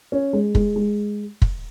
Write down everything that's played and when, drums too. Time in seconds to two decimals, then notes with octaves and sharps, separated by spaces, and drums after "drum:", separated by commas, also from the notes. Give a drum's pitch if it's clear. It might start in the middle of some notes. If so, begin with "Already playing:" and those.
0.12 C#4
0.33 G#3
0.55 G#3, drum: kick
0.76 G#3
1.42 drum: kick